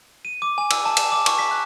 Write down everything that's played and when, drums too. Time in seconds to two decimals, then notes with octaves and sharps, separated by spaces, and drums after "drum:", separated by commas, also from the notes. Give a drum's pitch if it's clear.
0.25 D#7
0.42 D6
0.58 G#5
0.71 E6, drum: cymbal
0.85 A5
0.97 E7, drum: cymbal
1.12 D6
1.26 C#6, drum: cymbal
1.39 B6
1.51 F#6